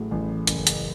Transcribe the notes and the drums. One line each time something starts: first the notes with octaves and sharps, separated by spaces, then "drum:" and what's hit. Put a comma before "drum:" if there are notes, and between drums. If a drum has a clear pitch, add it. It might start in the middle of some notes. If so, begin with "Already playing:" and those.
Already playing: A1 A2 F#3 G#4
A1
F#1, drum: hi-hat
drum: hi-hat